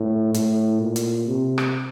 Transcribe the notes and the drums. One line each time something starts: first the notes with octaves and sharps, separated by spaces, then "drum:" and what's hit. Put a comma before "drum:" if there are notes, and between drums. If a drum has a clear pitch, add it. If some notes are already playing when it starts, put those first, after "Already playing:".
Already playing: A2
A2, drum: hi-hat
A#2
drum: hi-hat
C3
drum: rim click